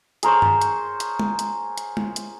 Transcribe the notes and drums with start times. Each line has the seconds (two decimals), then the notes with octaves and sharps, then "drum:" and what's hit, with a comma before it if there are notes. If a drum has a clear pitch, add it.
0.23 G#4 A#4 C5 C#5, drum: hi-hat
0.42 drum: tom G2
0.61 drum: hi-hat
1.00 drum: hi-hat
1.20 drum: tom
1.39 drum: hi-hat
1.78 drum: hi-hat
1.97 drum: tom
2.16 drum: hi-hat